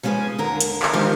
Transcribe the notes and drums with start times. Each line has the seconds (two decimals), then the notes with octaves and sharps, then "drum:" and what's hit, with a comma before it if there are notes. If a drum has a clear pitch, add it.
0.03 F3 G#3 C#4 F#4 G#4 B4
0.39 D#2 D3 A#4
0.60 drum: hi-hat
0.82 drum: clap
0.93 D3 D#3 F3 G#3 F4 G4